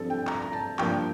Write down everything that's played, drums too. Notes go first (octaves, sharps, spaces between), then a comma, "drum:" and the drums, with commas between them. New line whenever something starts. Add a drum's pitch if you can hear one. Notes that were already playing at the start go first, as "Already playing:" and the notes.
Already playing: G2 F3 C4 A4
G5
A#5, drum: clap
A#5
A5
G2 F3 A#3 G5, drum: clap